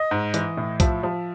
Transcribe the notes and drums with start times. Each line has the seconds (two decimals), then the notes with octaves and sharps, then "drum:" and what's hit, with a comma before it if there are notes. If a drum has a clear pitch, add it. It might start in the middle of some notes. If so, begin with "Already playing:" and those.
Already playing: D#5
0.11 G#2
0.34 E3, drum: hi-hat
0.57 A2
0.80 F3 E5, drum: kick B1, hi-hat
1.03 F3